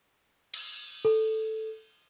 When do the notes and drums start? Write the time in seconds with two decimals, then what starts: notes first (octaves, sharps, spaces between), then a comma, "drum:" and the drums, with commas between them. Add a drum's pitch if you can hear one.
0.54 drum: cymbal
1.05 A4